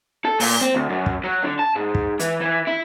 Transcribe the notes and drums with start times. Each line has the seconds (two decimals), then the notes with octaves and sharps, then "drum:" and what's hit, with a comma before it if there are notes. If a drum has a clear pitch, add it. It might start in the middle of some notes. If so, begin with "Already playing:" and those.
0.25 A4
0.40 A#2, drum: open hi-hat
0.61 C4
0.75 D2
0.90 F#2
1.06 drum: kick
1.24 F#3
1.42 D3
1.59 A5
1.75 G#2
1.95 drum: kick
2.19 E3, drum: hi-hat
2.40 E3
2.67 E4